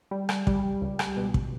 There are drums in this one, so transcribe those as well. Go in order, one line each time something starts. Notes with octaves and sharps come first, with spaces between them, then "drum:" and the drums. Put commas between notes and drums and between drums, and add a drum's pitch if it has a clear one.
G3
drum: rim click
G3, drum: kick
C#2
drum: rim click
B2
drum: kick